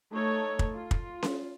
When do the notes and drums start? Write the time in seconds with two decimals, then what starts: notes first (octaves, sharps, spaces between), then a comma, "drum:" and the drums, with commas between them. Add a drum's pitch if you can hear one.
0.12 A3 D#4 A4 C#5
0.59 drum: kick
0.73 F4
0.91 drum: kick
1.23 drum: snare C#4